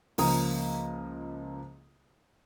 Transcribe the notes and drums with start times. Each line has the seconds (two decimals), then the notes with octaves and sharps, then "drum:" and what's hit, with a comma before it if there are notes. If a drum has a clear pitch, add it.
0.18 C#2 F3 A#3 A#5 D#6, drum: open hi-hat